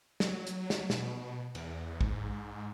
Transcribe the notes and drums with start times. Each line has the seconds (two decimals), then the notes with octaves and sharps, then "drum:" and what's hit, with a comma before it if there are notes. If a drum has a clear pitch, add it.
0.20 F#3, drum: snare
0.47 drum: hi-hat
0.70 drum: snare
0.90 B2, drum: snare
1.55 E2, drum: cymbal
2.01 G#2, drum: kick